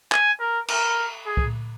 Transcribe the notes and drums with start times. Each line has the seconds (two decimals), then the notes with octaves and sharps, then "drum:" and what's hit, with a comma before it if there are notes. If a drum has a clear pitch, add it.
0.12 G#5, drum: clap
0.40 A#4
0.68 A#4, drum: cymbal
1.26 G#4
1.37 drum: kick C2